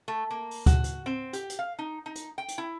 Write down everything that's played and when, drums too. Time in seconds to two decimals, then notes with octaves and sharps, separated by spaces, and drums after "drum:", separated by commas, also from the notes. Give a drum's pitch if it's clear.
0.08 A3
0.31 A#3
0.51 drum: open hi-hat
0.66 F#4, drum: kick D2, hi-hat
0.84 drum: hi-hat
1.06 C4
1.33 G4, drum: hi-hat
1.50 drum: hi-hat
1.59 F5
1.79 D#4
2.06 D#4
2.15 drum: hi-hat
2.38 G5
2.48 drum: hi-hat
2.58 E4